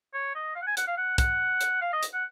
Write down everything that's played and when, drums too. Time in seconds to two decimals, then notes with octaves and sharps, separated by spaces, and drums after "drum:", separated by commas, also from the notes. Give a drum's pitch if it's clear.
0.14 C#5
0.35 D#5
0.55 F5
0.62 F#5
0.67 G#5
0.77 F#5, drum: hi-hat
0.87 F5
0.97 F#5
1.18 F#5, drum: kick, hi-hat
1.61 drum: hi-hat
1.82 F5
1.93 D#5
2.03 drum: hi-hat
2.13 F#5